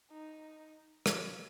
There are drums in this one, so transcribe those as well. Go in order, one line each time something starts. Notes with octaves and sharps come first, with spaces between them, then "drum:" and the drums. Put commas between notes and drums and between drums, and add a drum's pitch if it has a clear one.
D#4
drum: rim click